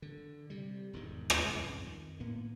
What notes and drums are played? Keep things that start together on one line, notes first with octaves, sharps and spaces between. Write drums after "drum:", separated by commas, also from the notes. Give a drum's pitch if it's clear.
D3
C3 G3
E1 E2 G#2 D#3
drum: rim click
C2 F2 G#2
F2 D#3
A2 A#3 B3